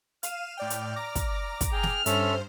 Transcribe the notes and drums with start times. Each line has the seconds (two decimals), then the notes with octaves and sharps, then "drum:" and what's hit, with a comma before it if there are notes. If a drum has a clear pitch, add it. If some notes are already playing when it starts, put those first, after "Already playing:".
0.23 F5 F6 D#7 E7, drum: hi-hat
0.57 A2 D5 G5
0.70 drum: hi-hat
0.96 D5 A#5 D6 A#6
1.15 drum: kick, hi-hat
1.61 drum: kick, hi-hat
1.72 G#4 G5 F6
1.83 drum: snare
2.06 G2 C#4 A4 C5 E5, drum: hi-hat